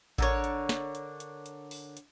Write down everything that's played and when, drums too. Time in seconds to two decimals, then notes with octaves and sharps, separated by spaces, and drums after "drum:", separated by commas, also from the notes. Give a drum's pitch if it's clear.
0.18 D3 A#4 C#5, drum: kick A1
0.44 drum: hi-hat
0.69 drum: snare
0.95 drum: hi-hat
1.20 drum: hi-hat
1.46 drum: hi-hat
1.71 drum: open hi-hat
1.97 drum: hi-hat